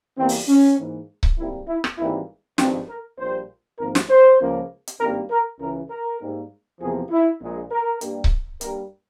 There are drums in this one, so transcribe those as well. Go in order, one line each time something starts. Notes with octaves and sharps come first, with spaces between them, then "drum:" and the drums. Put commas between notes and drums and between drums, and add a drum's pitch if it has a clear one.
E2 E3 G3 A#3 C4
drum: open hi-hat
C#4
G#2 E3 A#3
drum: kick C#1
G#1 G#2 G3 A#3 E4
E4
drum: rim click
G#1 G#2 E3 G3 A#3 E4
G#1 G2 F3 G#3 C4, drum: snare
A#4
A#1 A#2 G3 C5
G#1 G#2 F3 A#3 A#4
drum: snare
C5
C#2 C#3 F3 A#3
drum: hi-hat
G#1 G2 G3 A#3 A#4
A#4
C#2 C#3 E3 A#4
A#4
G#2 G3 A#3
E2 C3 F3 A#3 G#4
E4
A#1 A#2 G#3
A#4
G2 G3 A#3, drum: hi-hat
drum: kick C#1
G2 G3 A#3 A#4, drum: hi-hat